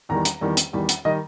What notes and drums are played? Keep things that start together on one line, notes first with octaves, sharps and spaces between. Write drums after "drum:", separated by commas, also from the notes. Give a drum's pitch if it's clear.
E2 D#3 G3 A#5
drum: hi-hat
E2 D#3 G3
drum: hi-hat
E2 D#3 G3
drum: hi-hat
D#3 G3 D#5